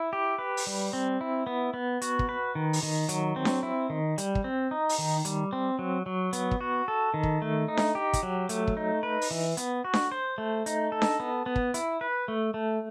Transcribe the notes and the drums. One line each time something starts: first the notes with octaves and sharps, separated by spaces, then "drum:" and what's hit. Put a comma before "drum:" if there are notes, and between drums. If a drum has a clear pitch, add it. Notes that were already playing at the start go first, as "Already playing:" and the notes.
Already playing: E4
G4
B4
drum: open hi-hat
G3
C4
E4
B3
B3
F#4, drum: hi-hat
drum: kick
B4
D#3
drum: open hi-hat
D#3
F#3, drum: hi-hat
C4
drum: snare D4
E4
D#3
G3, drum: hi-hat
drum: kick
C4
D#4
drum: open hi-hat
D#3
G3, drum: hi-hat
C4
F#3
F#3
B3, drum: hi-hat
drum: kick
F#4
A4
D#3
drum: kick
A3
D#4
drum: snare D4
G4
drum: kick, hi-hat
F#3
A3, drum: hi-hat
drum: kick
D#4
B4
drum: open hi-hat
E3
B3, drum: hi-hat
F#4
drum: snare D4
C5
A3
D#4, drum: hi-hat
A4
drum: snare D4
B3
B3
drum: kick
E4, drum: hi-hat
B4
A3
A3